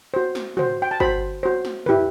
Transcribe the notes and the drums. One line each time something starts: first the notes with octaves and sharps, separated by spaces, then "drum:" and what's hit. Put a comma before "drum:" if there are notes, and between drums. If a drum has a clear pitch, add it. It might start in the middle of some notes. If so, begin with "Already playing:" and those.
F#4 C5
drum: snare
F#4 C5, drum: tom
G5
A5
F#4 C5 B5, drum: kick
F#4 C5
drum: snare
E4 G4 B4, drum: tom